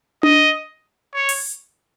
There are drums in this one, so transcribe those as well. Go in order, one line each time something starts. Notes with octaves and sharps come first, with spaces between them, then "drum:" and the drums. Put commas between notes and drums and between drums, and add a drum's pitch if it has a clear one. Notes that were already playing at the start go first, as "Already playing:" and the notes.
D#5, drum: tom D4
C#5
drum: open hi-hat